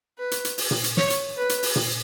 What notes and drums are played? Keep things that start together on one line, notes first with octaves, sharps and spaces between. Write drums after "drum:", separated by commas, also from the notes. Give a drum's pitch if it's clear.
B4
drum: hi-hat
drum: hi-hat
drum: open hi-hat
drum: tom A#2
drum: hi-hat
C#5, drum: snare
drum: hi-hat
B4
drum: hi-hat
drum: open hi-hat
drum: tom A#2